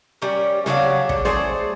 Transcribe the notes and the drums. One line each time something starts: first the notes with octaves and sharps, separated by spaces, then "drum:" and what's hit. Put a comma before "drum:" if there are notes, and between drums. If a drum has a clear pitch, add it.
G3 C#4 A#4
C#3 F#3 D4 F5, drum: snare
D3, drum: kick
A3 G#4 C5 D5, drum: snare